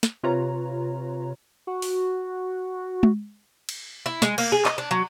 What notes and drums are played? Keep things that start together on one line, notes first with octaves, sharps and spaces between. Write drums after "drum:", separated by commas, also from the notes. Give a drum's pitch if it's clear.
drum: snare
C3 F4 B4 C#5 A#5
F#4
drum: open hi-hat
drum: tom G#3
drum: cymbal
E4
G#3, drum: snare
A#3, drum: cymbal
G#4
D#5, drum: clap
D4
F#3